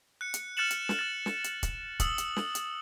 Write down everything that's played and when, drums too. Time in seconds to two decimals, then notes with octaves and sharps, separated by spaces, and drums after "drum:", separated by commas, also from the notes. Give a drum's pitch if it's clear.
0.21 F#6 C#7
0.34 drum: hi-hat
0.57 F6 F#6 A6 C#7 E7 F#7
0.71 drum: hi-hat
0.89 drum: snare
0.99 F6 A6
1.26 drum: snare
1.44 drum: hi-hat
1.63 drum: kick, hi-hat
2.00 D#6 E6 F#7, drum: kick, hi-hat
2.18 drum: hi-hat
2.36 drum: snare
2.55 drum: hi-hat